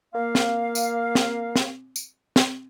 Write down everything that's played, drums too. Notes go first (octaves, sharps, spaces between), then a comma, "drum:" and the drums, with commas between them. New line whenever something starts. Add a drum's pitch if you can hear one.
A#3 F5
drum: snare
drum: tambourine
drum: snare
drum: snare
drum: tambourine
drum: snare